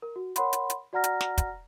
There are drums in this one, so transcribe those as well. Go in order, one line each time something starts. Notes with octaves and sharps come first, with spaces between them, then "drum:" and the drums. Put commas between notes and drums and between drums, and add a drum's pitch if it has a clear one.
A#4
F#4
A#4 C#5 F#5 B5 C6, drum: hi-hat
drum: hi-hat
drum: hi-hat
F#4 D5 F#5 A#5 F6 A#6
drum: hi-hat
drum: snare
drum: kick, hi-hat